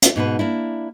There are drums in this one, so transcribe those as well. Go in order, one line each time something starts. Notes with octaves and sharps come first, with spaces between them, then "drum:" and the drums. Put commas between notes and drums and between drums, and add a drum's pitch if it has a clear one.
drum: hi-hat
G#2 B2 G4 B4
A#3 D4 E4